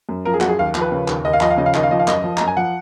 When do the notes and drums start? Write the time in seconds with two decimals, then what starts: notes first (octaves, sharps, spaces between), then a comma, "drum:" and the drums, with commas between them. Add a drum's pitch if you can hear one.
0.09 F#2
0.25 F3 A#4
0.34 G#4
0.41 F#2 F#4, drum: clap
0.49 G#4
0.59 D#2 F5
0.75 F3, drum: clap
0.81 B4
0.92 C#3
1.08 D#2, drum: clap
1.25 D#2 D#5
1.33 F5
1.41 F3 D#5, drum: clap
1.50 F5
1.58 C#3 D#5
1.66 F5
1.74 D#2 D#5, drum: clap
1.83 F5
1.91 F3 D#5
1.99 F5
2.08 F#2 D#5, drum: clap
2.24 F3
2.37 F#2 A#5, drum: clap
2.48 G#5
2.57 F3 F#5